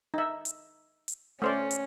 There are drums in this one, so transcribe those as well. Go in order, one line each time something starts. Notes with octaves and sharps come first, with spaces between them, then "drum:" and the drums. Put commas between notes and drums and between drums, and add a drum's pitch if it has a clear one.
D#4 E5
drum: hi-hat
drum: hi-hat
A3 C#4 C5 D5
drum: hi-hat